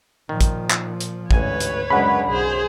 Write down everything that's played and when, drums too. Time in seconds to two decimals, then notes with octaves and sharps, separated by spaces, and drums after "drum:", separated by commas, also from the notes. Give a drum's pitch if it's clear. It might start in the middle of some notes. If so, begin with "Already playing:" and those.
0.29 A#2 D#3 F3
0.41 drum: kick, hi-hat
0.71 drum: clap
1.00 drum: hi-hat
1.31 A1 D2 G#2 B4 C#5 G#5, drum: kick
1.60 drum: hi-hat
1.90 F#2 C#3 G#3 D4 F#5 B5
2.27 B1 G#4 C5